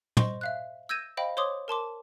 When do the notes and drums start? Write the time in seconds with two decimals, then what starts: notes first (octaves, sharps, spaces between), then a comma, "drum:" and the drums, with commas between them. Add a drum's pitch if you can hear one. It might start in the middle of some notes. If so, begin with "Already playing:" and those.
0.17 C5 D#5 C6 C#6, drum: tom
0.41 E5 F5 F#6
0.89 E6 G6 G#6 A#6 D#7 E7
1.17 C5 D#5 F5 G5 B5
1.37 C5 C#5 C6 D6 D#6
1.68 A#4 A5 C6 D6